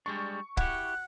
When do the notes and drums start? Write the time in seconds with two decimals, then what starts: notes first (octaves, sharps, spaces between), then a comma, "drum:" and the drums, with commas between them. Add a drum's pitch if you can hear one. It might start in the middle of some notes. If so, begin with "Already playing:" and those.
0.06 G3 G#3 D4 C#6
0.57 E4 G4 F#5 F#6, drum: kick